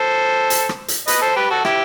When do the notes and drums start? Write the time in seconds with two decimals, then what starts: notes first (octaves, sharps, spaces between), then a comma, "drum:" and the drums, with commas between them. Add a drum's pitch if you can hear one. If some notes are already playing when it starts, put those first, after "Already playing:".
Already playing: A4 C5
0.50 drum: hi-hat
0.69 drum: rim click
0.88 drum: hi-hat
1.08 B4 D#5, drum: hi-hat
1.21 A4 C5
1.36 G4 B4
1.50 F#4 A4
1.65 E4 G4, drum: rim click